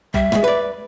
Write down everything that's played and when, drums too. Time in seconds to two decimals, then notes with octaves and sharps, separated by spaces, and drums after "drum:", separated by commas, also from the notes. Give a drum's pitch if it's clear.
0.14 G3 E5, drum: kick
0.32 A2 G#3, drum: snare
0.44 B4 D5